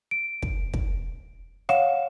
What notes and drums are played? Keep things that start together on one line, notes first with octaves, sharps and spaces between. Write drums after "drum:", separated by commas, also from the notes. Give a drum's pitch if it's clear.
D7
drum: kick
drum: kick
C#5 F5 F#5 E7, drum: rim click